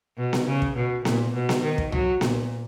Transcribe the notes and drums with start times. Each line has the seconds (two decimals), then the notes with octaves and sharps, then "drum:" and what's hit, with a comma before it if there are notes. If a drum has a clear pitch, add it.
0.18 B2
0.33 drum: snare B3
0.47 C#3
0.62 drum: kick
0.76 B2
1.05 A#2, drum: snare B3
1.34 B2
1.49 drum: snare B3
1.63 D#3
1.78 drum: kick
1.92 F#3, drum: tom C2
2.21 A#2, drum: snare B3